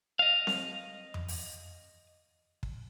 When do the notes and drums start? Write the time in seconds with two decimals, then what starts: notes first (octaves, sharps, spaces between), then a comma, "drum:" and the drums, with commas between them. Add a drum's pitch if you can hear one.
0.19 D#5 F5
0.47 drum: snare C4
1.14 drum: tom F2
1.28 drum: open hi-hat
2.63 drum: kick